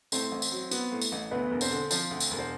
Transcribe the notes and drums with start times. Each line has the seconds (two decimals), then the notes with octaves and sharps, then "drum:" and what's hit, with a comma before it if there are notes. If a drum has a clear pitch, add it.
0.12 A2 C4 C5, drum: tambourine
0.31 A1
0.42 drum: tambourine
0.52 F#3
0.71 B3, drum: tambourine
0.92 A2
1.01 drum: tambourine
1.12 A1
1.31 D2 B3 B4
1.51 E1
1.61 C4 C5, drum: tambourine
1.71 D3
1.91 F3 C4 C5, drum: tambourine
2.11 D2
2.20 drum: tambourine
2.31 E1
2.39 C5